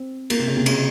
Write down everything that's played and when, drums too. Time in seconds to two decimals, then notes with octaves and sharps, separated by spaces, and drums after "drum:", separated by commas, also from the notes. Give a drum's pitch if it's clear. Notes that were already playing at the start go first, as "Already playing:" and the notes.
Already playing: C4
0.30 A#3, drum: cymbal
0.39 C3
0.48 C#3
0.57 C3
0.66 C#3, drum: cymbal